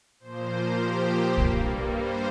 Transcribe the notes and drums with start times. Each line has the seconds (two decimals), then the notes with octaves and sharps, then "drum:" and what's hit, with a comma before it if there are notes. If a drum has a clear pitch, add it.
0.20 A#2 F3 A#3 C5
0.79 G4
1.37 G2 G3 A#3, drum: kick
1.96 C5